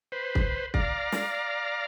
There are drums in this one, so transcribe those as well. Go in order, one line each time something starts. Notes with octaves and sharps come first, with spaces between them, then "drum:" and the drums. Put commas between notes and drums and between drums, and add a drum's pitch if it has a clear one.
B4 C5
drum: kick
D5 F5 A#5, drum: kick
drum: snare